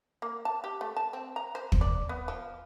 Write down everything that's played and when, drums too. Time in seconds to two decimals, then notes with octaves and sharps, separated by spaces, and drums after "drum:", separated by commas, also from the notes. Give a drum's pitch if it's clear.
0.22 A#3
0.45 A5
0.64 G4
0.81 A3
0.96 A5
1.13 C4
1.36 A#5
1.55 C5
1.72 drum: kick
1.81 D5
2.09 B3
2.28 F3